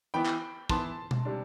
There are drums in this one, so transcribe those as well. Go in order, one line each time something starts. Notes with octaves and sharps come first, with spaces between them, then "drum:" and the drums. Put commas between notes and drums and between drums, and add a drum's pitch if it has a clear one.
E3 B3 E4 G5 B5
drum: clap
E3 B3 E4 A5 C6, drum: kick
drum: tom B2
C3 G3 D4